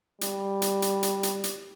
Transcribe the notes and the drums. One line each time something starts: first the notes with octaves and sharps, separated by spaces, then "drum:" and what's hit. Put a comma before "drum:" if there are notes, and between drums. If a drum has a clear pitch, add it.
G3, drum: hi-hat
drum: hi-hat
drum: hi-hat
drum: hi-hat
drum: hi-hat
drum: hi-hat